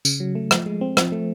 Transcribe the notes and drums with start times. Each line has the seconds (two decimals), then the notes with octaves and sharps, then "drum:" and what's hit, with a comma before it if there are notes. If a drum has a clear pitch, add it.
0.05 C#3, drum: tambourine
0.20 F#3
0.35 A3
0.51 F3, drum: rim click
0.66 G#3
0.81 C4
0.97 F3, drum: rim click
1.12 A3